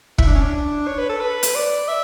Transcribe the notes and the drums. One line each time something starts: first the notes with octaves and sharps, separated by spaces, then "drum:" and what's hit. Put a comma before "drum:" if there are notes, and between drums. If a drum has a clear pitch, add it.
E4, drum: kick
D4
C#4
D4
C#5
B4
A4
B4
drum: hi-hat
D5
E5